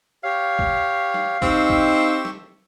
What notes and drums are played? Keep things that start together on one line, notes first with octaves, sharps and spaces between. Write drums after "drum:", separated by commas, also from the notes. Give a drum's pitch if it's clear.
G4 C#5 F5
drum: kick
drum: snare
C4 D#4 G4 C#6 E6, drum: kick
drum: kick
drum: snare